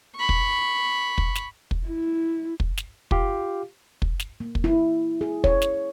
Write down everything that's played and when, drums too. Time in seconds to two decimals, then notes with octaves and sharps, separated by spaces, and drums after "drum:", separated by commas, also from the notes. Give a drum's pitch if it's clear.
0.15 B5 C#6
0.29 drum: kick
1.18 drum: kick
1.35 drum: snare
1.71 drum: kick
1.87 E4
2.60 drum: kick
2.77 drum: snare
3.11 F4 G4 F5, drum: kick
4.02 drum: kick
4.20 drum: snare
4.40 A#3
4.55 drum: kick
4.64 E4
5.21 G#4
5.44 C#5, drum: kick
5.62 drum: snare